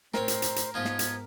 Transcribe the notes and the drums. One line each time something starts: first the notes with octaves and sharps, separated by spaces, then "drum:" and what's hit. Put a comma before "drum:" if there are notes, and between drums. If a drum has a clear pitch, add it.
A2 C4 A#4 C5 C#5, drum: snare
drum: hi-hat
drum: hi-hat
drum: hi-hat
G#2 F3 B3 D#4 F4 G#6
drum: snare
drum: hi-hat